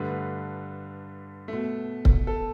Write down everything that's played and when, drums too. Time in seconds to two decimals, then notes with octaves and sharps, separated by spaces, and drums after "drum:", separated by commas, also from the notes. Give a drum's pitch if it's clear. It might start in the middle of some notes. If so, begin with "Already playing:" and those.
Already playing: G2 D3 A3 B4
1.48 B2 A3
2.05 drum: kick C#1
2.27 A4